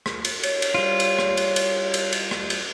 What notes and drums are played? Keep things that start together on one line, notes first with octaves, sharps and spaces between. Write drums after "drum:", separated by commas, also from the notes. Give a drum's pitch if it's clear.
drum: rim click
drum: cymbal
C#5, drum: cymbal
drum: cymbal
G3 F4
drum: cymbal
drum: rim click
drum: cymbal
drum: cymbal
drum: cymbal
drum: cymbal
drum: rim click
drum: cymbal